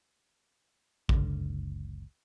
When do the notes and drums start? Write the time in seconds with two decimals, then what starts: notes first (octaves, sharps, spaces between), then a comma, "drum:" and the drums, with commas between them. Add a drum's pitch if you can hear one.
1.09 F#1 C#2 D3, drum: kick A1